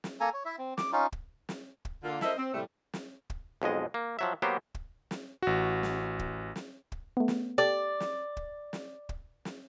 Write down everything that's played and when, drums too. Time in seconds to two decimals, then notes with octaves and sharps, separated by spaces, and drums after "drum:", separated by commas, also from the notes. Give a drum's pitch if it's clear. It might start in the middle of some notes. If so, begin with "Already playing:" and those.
0.04 drum: snare
0.20 A#3 A4 G#5 A#5
0.34 C#5
0.45 E4 E5
0.59 C4
0.78 D6, drum: snare
0.92 C#4 D#4 F4
1.12 drum: kick
1.49 drum: snare
1.85 drum: kick
2.03 D3 A#3 F4
2.21 E4 A4 A#4 C5 D#5 E5, drum: snare
2.37 C4
2.54 A2 C3 F3 G3 A3
2.93 drum: snare
3.30 drum: kick
3.62 B1 F2 G#3 D#5
3.94 A#3
4.19 F3 F#3 E5
4.42 F#3 A#3 B3 G4 C5
4.75 drum: kick
5.11 drum: snare
5.42 A1 F#4
5.83 drum: snare
6.19 drum: kick
6.56 drum: snare
6.92 drum: kick
7.17 A3 B3
7.28 drum: snare
7.58 G4 A4 D5
8.00 drum: snare
8.37 drum: kick
8.73 drum: snare
9.09 drum: kick
9.45 drum: snare